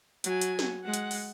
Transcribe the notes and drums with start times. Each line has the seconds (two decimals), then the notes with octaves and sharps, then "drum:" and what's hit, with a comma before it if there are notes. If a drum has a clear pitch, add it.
0.24 F#3 G#5, drum: hi-hat
0.41 drum: hi-hat
0.59 drum: snare
0.84 G#3 F#5
0.94 drum: hi-hat
1.11 drum: open hi-hat